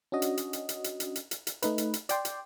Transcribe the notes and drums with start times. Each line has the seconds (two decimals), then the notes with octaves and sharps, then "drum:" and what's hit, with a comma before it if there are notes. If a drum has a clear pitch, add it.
0.12 C#4 D4 F#4 D#5
0.22 drum: hi-hat
0.37 drum: hi-hat
0.53 drum: hi-hat
0.69 drum: hi-hat
0.84 drum: hi-hat
1.00 drum: hi-hat
1.16 drum: hi-hat
1.31 drum: hi-hat
1.47 drum: hi-hat
1.62 A3 D#4 B4, drum: hi-hat
1.78 drum: hi-hat
1.94 drum: hi-hat
2.09 D5 G5 C6, drum: hi-hat
2.25 drum: hi-hat